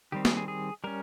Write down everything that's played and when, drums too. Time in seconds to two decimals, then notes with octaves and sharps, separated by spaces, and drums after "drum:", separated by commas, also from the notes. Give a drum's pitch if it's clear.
0.12 D#3 G3 C4 G4
0.25 G#4, drum: snare A#3
0.37 G#4
0.48 G#4
0.84 G3 C#4 A#4